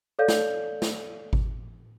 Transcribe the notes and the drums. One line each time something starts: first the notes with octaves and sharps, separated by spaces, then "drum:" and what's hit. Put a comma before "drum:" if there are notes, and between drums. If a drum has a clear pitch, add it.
A4 C#5 D5 F5 G6
drum: snare
drum: snare
drum: kick G#1